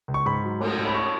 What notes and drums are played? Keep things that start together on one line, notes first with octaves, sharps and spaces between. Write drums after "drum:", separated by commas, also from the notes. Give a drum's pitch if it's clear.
C#2
C#6
G#2 B5
F#3
A3, drum: cymbal
G#2
B5
C#6